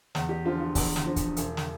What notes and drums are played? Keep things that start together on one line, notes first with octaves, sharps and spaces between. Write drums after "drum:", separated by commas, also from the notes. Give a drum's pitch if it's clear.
E2, drum: snare
G4
D3 F3 F4
F4
E2, drum: kick, open hi-hat
drum: snare
D3 F3
drum: kick, hi-hat
E1, drum: hi-hat
drum: snare